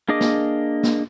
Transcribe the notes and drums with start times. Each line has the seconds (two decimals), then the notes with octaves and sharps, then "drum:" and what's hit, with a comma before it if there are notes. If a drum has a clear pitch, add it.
0.08 A#3 D4 G#4 D#5 D6
0.21 drum: snare
0.83 drum: snare